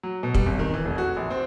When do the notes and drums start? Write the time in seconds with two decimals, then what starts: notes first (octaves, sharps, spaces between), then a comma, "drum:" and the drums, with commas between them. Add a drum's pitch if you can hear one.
0.03 F#3
0.23 B2
0.34 G3, drum: kick
0.46 G#1
0.59 D#3
0.74 E3
0.85 F1
0.98 F#4
1.17 A#1
1.30 C4